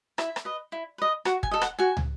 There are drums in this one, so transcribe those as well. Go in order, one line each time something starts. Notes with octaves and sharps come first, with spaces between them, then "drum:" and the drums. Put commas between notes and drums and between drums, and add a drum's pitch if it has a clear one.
E4 E5, drum: rim click
drum: rim click
B4 D#5
E4
B4 D#5
F#4 F#5, drum: rim click
G#5, drum: kick
A4 D#5
F#5, drum: rim click
F#4 G#5
drum: tom